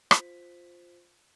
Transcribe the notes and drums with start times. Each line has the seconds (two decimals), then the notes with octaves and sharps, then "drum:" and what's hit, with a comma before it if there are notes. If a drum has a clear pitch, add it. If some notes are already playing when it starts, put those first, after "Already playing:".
0.11 F4 C5 B6, drum: rim click